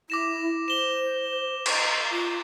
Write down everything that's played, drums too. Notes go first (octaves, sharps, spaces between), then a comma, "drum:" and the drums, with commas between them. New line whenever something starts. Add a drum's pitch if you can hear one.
E4 D6 A#6 E7
C5 E7 G7
D#5, drum: cymbal
F4